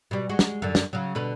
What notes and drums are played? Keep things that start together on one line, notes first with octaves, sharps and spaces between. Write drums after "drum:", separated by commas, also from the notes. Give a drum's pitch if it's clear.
B2 G3
G#3 F#4
drum: snare
F#2 D3
drum: snare
C#3 F#3
B2 D3 B4